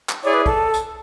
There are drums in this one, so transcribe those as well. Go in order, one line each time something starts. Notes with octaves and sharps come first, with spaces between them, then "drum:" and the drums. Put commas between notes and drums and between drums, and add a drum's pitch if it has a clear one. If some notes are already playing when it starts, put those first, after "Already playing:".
drum: clap
E4 G#4 C#5 D5
B4
A4, drum: kick
drum: hi-hat